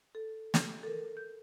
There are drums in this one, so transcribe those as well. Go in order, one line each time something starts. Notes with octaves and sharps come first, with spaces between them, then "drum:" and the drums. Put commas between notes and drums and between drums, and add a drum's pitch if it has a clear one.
A4
drum: snare
A4 A#4
G6